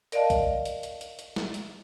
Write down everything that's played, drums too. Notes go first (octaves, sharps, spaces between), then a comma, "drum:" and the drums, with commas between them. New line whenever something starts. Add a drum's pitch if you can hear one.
A#4 D5 D#5 F5 A5, drum: hi-hat
drum: kick B1, hi-hat
drum: hi-hat
drum: hi-hat
drum: hi-hat
drum: hi-hat
drum: snare
drum: hi-hat